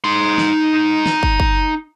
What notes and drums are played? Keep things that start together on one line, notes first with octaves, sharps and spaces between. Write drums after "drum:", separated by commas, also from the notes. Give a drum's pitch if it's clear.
D#4 C6
drum: snare
drum: snare
drum: kick
drum: kick